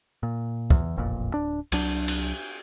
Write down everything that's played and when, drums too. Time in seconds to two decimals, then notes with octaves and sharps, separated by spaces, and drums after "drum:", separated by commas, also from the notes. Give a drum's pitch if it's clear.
0.23 A#2
0.70 E2, drum: kick
0.97 E1 A1 F2 A#2
1.34 D1 D4
1.72 C2 F#3 D4, drum: cymbal
2.08 drum: cymbal